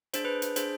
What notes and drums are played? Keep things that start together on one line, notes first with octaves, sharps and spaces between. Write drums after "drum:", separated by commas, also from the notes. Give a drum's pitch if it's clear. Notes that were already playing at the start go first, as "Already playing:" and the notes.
D4 G#4 C5, drum: hi-hat
B4
drum: hi-hat
D4 G#4 C5, drum: hi-hat